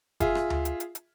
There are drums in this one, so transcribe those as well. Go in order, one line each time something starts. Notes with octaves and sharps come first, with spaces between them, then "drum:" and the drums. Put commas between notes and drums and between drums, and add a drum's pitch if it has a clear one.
F4 G#4 E5, drum: kick F#1, hi-hat
drum: rim click
drum: tom D2
drum: hi-hat
drum: hi-hat
drum: hi-hat